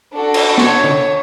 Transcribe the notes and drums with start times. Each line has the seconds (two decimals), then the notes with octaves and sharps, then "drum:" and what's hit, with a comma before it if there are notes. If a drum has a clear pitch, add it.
0.14 D4 F#4 A4
0.34 drum: cymbal
0.57 C#5, drum: snare
0.84 drum: tom D3